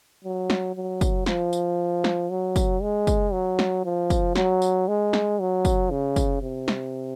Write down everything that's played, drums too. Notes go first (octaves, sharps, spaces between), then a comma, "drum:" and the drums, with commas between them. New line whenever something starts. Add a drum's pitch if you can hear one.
F#3
drum: snare
F#3
drum: kick, tambourine
F3, drum: snare
drum: tambourine
drum: snare
F#3
drum: kick, tambourine
G#3
drum: kick, tambourine
F#3
drum: snare
F3
drum: kick, tambourine
F#3, drum: snare
drum: tambourine
G#3
drum: snare
F#3
drum: kick, tambourine
C#3
drum: kick, tambourine
C3
drum: snare